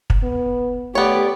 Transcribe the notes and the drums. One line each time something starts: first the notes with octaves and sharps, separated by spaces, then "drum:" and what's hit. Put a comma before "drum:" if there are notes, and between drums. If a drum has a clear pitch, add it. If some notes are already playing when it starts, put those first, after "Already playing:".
drum: kick
B3
A3 B3 G4 C#5 D5